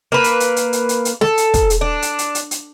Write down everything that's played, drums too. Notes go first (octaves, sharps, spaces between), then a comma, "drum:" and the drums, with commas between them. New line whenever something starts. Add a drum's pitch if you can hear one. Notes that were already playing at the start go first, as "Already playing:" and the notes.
A#3 B4
drum: hi-hat
drum: hi-hat
drum: hi-hat
drum: hi-hat
drum: hi-hat
drum: hi-hat
A4, drum: snare
drum: hi-hat
drum: kick, hi-hat
drum: hi-hat
D4
drum: hi-hat
drum: hi-hat
drum: hi-hat
drum: hi-hat